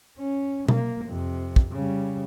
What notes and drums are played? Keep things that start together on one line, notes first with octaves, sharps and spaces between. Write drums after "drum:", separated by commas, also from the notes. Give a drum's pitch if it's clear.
C#4
A#3, drum: tom B2
F2 C3
drum: kick
C#3 G3